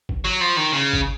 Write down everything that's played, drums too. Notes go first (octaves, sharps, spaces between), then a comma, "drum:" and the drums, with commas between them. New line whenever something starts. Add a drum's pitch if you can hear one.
drum: kick
F#3
F3
D#3
C#3
drum: kick